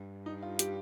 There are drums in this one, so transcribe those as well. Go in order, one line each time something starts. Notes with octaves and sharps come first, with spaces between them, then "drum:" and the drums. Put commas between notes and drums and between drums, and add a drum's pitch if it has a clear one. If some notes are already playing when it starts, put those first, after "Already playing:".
Already playing: G2
D#4
F4
G4, drum: hi-hat